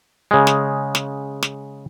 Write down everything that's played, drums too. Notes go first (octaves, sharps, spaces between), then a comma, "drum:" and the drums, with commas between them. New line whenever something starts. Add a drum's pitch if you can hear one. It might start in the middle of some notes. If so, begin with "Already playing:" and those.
C#3 G#3
drum: snare
drum: snare
drum: snare